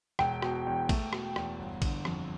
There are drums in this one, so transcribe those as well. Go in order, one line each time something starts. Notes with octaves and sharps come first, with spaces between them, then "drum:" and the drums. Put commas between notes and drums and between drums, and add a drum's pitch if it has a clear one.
E1 G5, drum: rim click
B2, drum: rim click
E2
A3, drum: kick A1, cymbal
B2, drum: rim click
E2, drum: rim click
G1
D3, drum: kick A1, cymbal
F2, drum: rim click